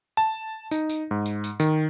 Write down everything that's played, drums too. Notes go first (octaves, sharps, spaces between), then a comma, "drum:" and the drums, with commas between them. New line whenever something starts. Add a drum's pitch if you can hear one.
A5
D#4, drum: tambourine
drum: tambourine
G#2
drum: tambourine
drum: tambourine
D#3, drum: tambourine